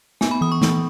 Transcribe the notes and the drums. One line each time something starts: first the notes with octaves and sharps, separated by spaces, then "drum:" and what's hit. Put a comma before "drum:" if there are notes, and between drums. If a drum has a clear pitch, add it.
B3 G#5, drum: snare
B5
E3 D#6
C#6
E3, drum: snare